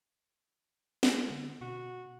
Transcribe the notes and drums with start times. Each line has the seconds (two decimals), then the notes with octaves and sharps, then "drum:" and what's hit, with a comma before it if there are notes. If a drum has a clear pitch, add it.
1.03 drum: snare
1.15 G#3
1.30 D3
1.61 B2 F#4